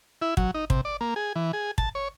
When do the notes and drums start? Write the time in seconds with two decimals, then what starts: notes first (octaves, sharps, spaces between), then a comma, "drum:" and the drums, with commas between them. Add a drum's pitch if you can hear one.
0.22 E4
0.37 F#3, drum: kick
0.54 D#4
0.70 C3, drum: kick
0.85 D5
1.01 A#3
1.16 G#4
1.36 E3
1.53 G#4
1.78 A5, drum: kick
1.95 C#5